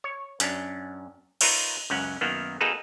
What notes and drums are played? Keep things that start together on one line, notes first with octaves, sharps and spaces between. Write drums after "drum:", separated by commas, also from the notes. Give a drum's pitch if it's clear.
C#5
F#2 C#4 D4, drum: hi-hat
D#4 F4 A#4 B4 C#5 E5, drum: cymbal
C#2 F#2 C#4 F#5
F#2 D#3 A#3 B3
A#3 D#4 F#4 G#4 A4 B4